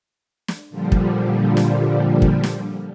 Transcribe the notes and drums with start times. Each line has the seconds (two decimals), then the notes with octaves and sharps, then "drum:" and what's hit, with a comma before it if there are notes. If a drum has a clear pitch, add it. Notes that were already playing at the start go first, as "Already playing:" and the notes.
0.48 drum: snare
0.70 A#2 D3 F3 G3
0.92 drum: kick
1.57 drum: snare
2.22 drum: kick
2.44 drum: snare